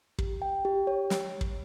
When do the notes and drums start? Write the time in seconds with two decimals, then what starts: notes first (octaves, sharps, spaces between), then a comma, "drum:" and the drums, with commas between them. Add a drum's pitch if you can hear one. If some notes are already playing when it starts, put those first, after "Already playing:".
0.18 G4, drum: kick
0.42 G5
0.65 G4
0.87 C#5
1.10 drum: snare
1.41 drum: kick